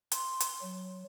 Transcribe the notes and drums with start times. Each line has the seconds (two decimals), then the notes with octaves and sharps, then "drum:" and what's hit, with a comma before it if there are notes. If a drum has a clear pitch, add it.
0.12 C6, drum: hi-hat
0.40 drum: hi-hat
0.62 F#3